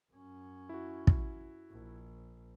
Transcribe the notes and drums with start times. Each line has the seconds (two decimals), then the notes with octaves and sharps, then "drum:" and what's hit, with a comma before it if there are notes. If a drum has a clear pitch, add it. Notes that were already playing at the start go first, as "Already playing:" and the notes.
0.13 F#2 C#4
0.69 E4 F#4
1.07 drum: kick
1.71 A#1